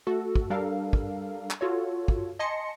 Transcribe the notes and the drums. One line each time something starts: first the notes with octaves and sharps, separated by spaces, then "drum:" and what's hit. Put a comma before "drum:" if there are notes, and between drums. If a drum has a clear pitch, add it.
A3 F#4 A4
drum: kick
G3 D4 A4 A#4 F5
drum: kick
drum: clap
F4 F#4 A4 C#5
drum: kick
D#5 G#5 A5 C6 A#6 C#7